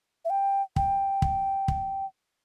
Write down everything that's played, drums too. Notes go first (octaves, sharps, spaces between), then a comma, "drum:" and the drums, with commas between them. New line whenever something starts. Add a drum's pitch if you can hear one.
E5
G5
G5, drum: kick
drum: kick
drum: kick